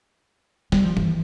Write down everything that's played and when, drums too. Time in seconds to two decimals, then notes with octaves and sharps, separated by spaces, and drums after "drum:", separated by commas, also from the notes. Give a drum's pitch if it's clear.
0.72 G3, drum: snare
0.84 F3
0.97 E3, drum: tom G2